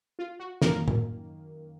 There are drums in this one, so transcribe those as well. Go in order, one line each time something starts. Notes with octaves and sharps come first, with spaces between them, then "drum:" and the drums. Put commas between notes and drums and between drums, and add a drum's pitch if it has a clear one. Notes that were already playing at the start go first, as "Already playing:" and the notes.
F4
F#4
F#2 D#3 A#3 A#4, drum: snare
drum: tom